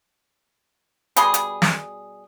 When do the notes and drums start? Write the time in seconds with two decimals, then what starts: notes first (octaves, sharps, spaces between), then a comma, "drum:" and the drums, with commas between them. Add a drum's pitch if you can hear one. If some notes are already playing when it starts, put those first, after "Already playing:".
1.16 B2 G3 G#4 C6, drum: hi-hat
1.34 drum: hi-hat
1.62 drum: snare